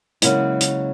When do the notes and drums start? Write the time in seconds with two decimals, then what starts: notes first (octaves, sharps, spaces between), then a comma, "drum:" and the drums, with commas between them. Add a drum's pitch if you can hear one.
0.22 C#3 F#3 G#3 A#3 E4, drum: hi-hat
0.61 drum: hi-hat